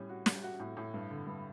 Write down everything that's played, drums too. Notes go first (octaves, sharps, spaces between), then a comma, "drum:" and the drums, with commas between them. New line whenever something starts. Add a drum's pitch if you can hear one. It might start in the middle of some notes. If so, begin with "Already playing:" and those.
Already playing: A2 G3 C#4
F#4
G3, drum: snare
F#4
A2
A2
G2
D3
G2